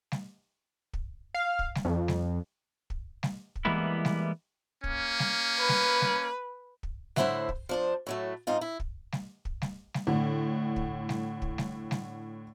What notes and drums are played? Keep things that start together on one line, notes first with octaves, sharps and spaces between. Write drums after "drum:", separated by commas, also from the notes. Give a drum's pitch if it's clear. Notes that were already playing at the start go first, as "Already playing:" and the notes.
drum: snare G3
drum: kick
F5
drum: kick
drum: snare G3
F2
drum: snare G3
drum: kick
drum: snare G3
drum: kick
E3 G3 G#3 A#3 B3 E4
drum: snare G3
A#3 C#4, drum: kick
drum: snare G3
B4
drum: snare G3
drum: snare G3
drum: kick
A2 D3 E4 C5 E5 F#5, drum: snare G3
drum: kick
F3 D4 C5
A2 F#3 A3
G#2 C4 D#4 F4
E4
drum: kick
drum: snare G3
drum: kick
drum: snare G3
drum: snare G3
A2 D3
drum: kick
drum: snare G3
drum: kick
drum: snare G3
drum: snare G3